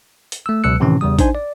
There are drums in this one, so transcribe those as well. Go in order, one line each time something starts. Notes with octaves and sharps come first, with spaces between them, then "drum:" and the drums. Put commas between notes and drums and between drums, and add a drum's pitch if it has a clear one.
drum: hi-hat
A3 E6
C#2 B2 F#3 E6 F#6 C#7
A2 C3 D#3 E3 C#4
E2 C#3 G3 D#6
D4 D#4 C5 G#5, drum: kick A1, hi-hat
D5